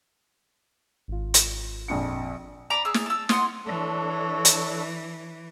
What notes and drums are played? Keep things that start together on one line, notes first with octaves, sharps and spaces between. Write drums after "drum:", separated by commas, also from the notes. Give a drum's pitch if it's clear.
G#1 F4
drum: hi-hat
A#1 F2 C#7
D5 A#5 B5 D6
G#4 E6
drum: snare
A5 E6
F#5 G5 C6 D#6, drum: snare
E3 D4 A4 C#5
drum: hi-hat